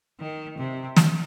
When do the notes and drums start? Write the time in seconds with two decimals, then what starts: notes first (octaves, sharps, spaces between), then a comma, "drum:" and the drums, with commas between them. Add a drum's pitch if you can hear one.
0.20 D#3
0.58 C3
0.96 drum: snare